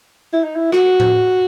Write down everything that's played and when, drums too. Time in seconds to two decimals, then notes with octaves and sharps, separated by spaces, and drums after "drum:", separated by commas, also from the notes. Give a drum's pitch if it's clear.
0.33 E4
0.44 D#4
0.55 E4
0.72 F#4, drum: rim click
1.00 drum: tom A2